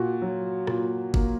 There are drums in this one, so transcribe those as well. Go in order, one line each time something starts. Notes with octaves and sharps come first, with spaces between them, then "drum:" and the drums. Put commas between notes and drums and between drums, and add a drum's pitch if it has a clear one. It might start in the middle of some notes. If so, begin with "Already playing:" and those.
Already playing: A#2 F#4
F#3
A#2, drum: rim click
A#3, drum: kick G1